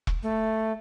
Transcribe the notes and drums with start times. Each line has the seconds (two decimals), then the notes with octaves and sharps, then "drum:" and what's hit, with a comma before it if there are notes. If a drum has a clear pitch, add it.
0.07 drum: kick E1
0.23 A3